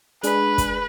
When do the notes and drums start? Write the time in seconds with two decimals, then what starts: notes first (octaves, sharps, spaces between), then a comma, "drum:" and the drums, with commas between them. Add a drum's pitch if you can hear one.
0.23 G#3 D4 G#4 B4, drum: hi-hat
0.58 drum: kick, hi-hat